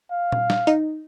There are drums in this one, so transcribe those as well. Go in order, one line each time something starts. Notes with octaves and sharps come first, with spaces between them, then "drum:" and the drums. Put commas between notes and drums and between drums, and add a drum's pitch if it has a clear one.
F5
drum: tom A#2
drum: snare
D#4, drum: hi-hat